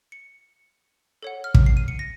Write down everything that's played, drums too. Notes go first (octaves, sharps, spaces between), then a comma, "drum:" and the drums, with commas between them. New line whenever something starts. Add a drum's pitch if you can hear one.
C#7
A4 C#5 F#5
F6
drum: kick
C7
D#7
C#7
A#6